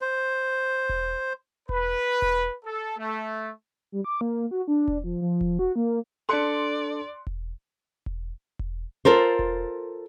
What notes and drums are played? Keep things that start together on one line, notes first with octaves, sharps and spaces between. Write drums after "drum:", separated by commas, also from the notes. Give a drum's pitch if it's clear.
C5
drum: kick E1
B4, drum: kick E1
drum: kick E1
A4
A3
G3
D6
A#3
F#4
D4
drum: kick E1
F3
F3
drum: kick E1
F#4
A#3
D4 A4 D5 C6 F#6 C#7
drum: kick E1
drum: kick E1
drum: kick E1
F4 A4 A#4 C5
drum: kick E1